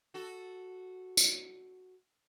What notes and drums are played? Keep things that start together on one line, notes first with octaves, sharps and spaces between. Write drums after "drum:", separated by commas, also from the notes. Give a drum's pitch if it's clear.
F#4 A4
drum: tambourine